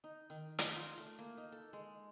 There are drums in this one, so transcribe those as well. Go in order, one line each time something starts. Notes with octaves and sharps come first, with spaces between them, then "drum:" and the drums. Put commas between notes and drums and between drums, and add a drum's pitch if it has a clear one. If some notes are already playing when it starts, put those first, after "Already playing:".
D#4
D#3
D#4, drum: hi-hat
F4
A3
A#3
D#4
A4
G#3